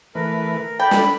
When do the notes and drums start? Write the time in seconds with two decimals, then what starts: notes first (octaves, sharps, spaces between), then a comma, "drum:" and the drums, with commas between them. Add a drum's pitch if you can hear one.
0.15 E3 A3 A#4 B4
0.79 A4 D5 G5 B5
0.91 drum: snare